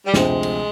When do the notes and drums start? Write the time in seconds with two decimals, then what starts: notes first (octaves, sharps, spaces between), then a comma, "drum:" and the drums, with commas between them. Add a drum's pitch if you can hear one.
0.05 G3
0.14 D2 C3 F3 G#3 C4 G4, drum: snare
0.43 drum: cymbal